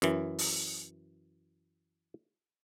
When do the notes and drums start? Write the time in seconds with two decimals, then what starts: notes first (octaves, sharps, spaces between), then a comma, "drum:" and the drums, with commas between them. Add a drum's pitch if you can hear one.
0.02 F#2 E3, drum: hi-hat
0.39 drum: open hi-hat